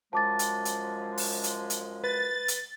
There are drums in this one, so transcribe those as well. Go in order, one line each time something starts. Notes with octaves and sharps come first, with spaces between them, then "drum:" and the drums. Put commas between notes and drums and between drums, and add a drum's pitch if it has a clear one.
F#2 F3 G#3 A5 D6 A6
drum: hi-hat
drum: hi-hat
drum: open hi-hat
drum: hi-hat
drum: hi-hat
B4 A6
drum: hi-hat